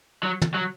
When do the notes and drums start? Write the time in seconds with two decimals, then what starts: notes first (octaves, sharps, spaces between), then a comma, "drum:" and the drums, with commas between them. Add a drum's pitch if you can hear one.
0.23 F#3
0.42 drum: tom
0.55 F#3